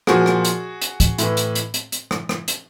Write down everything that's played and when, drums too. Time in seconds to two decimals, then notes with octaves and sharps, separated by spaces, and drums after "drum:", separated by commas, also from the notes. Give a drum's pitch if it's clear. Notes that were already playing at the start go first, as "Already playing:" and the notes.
0.07 A#2 F3 F#4 G#4, drum: rim click
0.26 drum: rim click
0.45 drum: hi-hat
0.82 drum: hi-hat
1.00 drum: kick, hi-hat
1.18 A2 E3, drum: hi-hat
1.37 drum: hi-hat
1.55 drum: hi-hat
1.74 drum: hi-hat
1.92 drum: hi-hat
2.11 drum: rim click
2.29 drum: rim click
2.48 drum: hi-hat